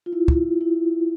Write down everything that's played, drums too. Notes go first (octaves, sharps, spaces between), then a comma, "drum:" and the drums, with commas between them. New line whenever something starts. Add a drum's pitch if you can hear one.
F4
E4
drum: kick
E4